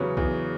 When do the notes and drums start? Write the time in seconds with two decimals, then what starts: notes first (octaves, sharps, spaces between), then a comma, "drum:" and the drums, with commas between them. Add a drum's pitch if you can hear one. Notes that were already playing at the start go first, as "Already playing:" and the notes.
Already playing: E2 C#3 F#3 B4 C#5
0.17 E2, drum: kick A#1